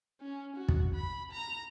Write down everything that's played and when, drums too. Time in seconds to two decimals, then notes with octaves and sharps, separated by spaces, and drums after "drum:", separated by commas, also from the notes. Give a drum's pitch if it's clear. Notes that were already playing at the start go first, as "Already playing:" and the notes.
0.21 C#4
0.57 F#4
0.68 drum: kick
0.95 B5
1.32 A#5